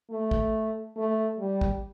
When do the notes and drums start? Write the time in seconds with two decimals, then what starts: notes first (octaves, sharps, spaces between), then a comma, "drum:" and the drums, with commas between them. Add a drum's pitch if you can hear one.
0.10 A3
0.31 drum: kick
0.97 A3
1.39 G3
1.61 drum: kick